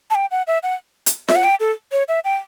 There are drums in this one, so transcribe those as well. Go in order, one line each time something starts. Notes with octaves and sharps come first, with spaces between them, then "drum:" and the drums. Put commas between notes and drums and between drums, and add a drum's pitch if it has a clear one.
A5
G5
F#5
E5
F#5
drum: hi-hat
E5, drum: snare F4
F#5
G5
A4
C#5
E5
G5